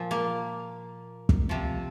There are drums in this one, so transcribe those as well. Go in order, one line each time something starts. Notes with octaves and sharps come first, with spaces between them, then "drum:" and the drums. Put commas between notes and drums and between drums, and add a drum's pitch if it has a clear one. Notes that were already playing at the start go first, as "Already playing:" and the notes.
Already playing: A#2 F3
A#3
drum: kick
C3 F3